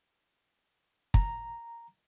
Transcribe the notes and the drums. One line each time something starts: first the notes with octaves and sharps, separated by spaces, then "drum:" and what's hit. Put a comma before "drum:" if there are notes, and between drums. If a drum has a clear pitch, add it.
A#5, drum: kick